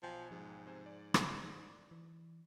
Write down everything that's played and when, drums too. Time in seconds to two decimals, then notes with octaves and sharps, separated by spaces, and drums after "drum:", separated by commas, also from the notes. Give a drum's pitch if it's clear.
0.03 B1 F3 G5 G#5
0.31 G#2 F3
0.66 C3 C5 G#5
0.86 D5
1.14 drum: rim click
1.91 E3